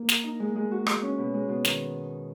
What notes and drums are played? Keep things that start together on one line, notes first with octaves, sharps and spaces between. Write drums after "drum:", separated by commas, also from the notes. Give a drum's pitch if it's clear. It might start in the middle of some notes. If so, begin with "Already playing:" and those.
Already playing: A#3
A#4, drum: snare
D#4
G#3
G#3
F#4
G#3, drum: rim click
C#4
B2
G#3
B2
D#3, drum: snare